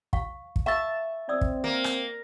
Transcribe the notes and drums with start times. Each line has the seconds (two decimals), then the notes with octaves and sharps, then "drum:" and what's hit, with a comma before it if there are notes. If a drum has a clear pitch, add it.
0.13 F5 C#6, drum: kick
0.56 drum: kick
0.66 E5 F5 A5 C#6 E6
1.29 C4 D5 D#6 E6
1.41 drum: kick
1.64 A#3
1.84 drum: rim click